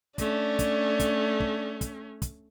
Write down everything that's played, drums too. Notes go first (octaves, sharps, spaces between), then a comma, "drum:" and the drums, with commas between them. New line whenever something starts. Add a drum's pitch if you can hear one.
A3 C#4 D4, drum: kick, hi-hat
drum: kick, hi-hat
drum: kick, hi-hat
drum: kick
drum: kick, hi-hat
drum: kick, hi-hat